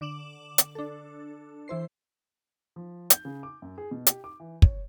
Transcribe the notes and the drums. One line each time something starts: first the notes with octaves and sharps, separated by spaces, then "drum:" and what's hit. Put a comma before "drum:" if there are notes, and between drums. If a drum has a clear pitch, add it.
D3 D6 E7 F#7
drum: hi-hat
D4 A4
E3 E4 C5 C7
F3
G6, drum: hi-hat
C#3
D6
F#2
G#4
B2
G4, drum: hi-hat
D6
E3
C#5, drum: kick